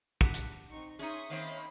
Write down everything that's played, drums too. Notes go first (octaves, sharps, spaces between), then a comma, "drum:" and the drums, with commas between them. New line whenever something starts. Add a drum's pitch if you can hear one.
D4 G4 F#5, drum: kick
drum: hi-hat
C4 D#4 C#6
C#4 D#4 G#4 E5 C6 C#6 D#6
D#3 A#3 C4 C#5 B5